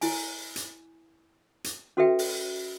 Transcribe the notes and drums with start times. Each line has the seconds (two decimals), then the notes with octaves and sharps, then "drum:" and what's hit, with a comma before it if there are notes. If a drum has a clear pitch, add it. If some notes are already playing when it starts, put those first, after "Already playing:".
0.01 E4 G#5, drum: open hi-hat
0.56 drum: hi-hat
1.64 drum: hi-hat
1.97 C#4 F#4 A4 B4 E5 G5
2.19 drum: open hi-hat